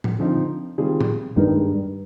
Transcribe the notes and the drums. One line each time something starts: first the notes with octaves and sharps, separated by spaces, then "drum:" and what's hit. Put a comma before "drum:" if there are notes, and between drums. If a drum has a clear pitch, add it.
drum: tom
D3 F3 C4 D#4
D#3 G3 C4 F4 G#4
drum: tom
G2 D#3 G#3 D#4 G4 A#4